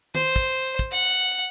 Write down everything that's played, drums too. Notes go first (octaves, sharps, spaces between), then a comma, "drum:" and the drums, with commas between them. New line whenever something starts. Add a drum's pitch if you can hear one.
C5, drum: tom D#3
drum: kick
drum: kick
F#5